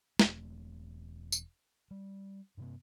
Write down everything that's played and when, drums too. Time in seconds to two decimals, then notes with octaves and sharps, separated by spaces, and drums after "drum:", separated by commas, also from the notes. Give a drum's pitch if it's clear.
0.19 E1 A3, drum: snare
1.32 drum: tambourine
1.91 G3
2.58 G2 C3 B3